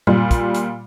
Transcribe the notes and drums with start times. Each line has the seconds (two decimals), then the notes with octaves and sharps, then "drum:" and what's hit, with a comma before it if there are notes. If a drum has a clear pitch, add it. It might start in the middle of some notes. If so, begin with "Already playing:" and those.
0.07 A#2 G3, drum: tom G2
0.31 drum: kick, hi-hat
0.55 drum: hi-hat